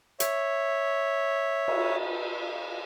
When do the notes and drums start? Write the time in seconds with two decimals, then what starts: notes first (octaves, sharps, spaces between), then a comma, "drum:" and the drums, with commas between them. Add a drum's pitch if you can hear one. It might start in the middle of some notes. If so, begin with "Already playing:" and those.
0.20 C#5 E5, drum: hi-hat
1.68 drum: cymbal